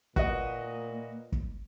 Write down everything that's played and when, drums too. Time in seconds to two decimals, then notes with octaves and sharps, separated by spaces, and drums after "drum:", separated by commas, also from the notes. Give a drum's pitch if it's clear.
0.16 A#2 A#3 F#4 B4 D#5, drum: kick
1.32 drum: kick